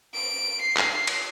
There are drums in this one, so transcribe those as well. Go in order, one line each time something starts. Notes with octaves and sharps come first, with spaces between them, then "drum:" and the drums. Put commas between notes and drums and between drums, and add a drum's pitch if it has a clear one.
D7
C7
drum: clap
drum: cymbal